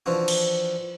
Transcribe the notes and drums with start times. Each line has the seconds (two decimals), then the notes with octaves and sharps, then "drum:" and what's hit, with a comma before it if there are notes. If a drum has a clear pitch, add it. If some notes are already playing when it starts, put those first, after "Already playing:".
0.06 E3 F3 D4 F4 F#4
0.28 drum: cymbal